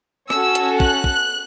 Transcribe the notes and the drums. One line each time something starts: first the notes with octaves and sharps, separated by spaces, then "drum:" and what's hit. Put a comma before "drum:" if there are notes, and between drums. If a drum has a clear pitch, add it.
C#4 F#4 A4 E6, drum: rim click
drum: hi-hat
F#6, drum: kick
drum: kick